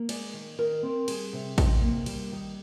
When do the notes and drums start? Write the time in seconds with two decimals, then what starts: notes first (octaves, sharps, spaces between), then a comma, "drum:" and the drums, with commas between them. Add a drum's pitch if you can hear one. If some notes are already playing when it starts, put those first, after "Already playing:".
Already playing: A#3
0.09 G#3 D5, drum: cymbal
0.34 D#3
0.58 D#3 A#4
0.83 C4
1.08 G3 G#4, drum: cymbal
1.33 C3
1.58 C3, drum: kick, cymbal
1.81 A#3
2.06 G3, drum: cymbal
2.32 D#3